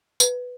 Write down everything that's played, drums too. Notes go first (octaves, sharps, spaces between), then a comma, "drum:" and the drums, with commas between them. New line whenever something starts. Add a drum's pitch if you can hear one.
B4, drum: tambourine